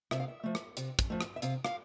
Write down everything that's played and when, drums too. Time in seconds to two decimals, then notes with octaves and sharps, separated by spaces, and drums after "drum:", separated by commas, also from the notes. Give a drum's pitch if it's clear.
0.11 C3 E5, drum: rim click
0.20 F5
0.28 E5
0.43 F3 A3
0.55 drum: rim click
0.77 C3, drum: hi-hat
0.99 drum: kick, hi-hat
1.10 F3 A3
1.21 drum: rim click
1.36 E5
1.42 C3 F5, drum: hi-hat
1.64 F5, drum: rim click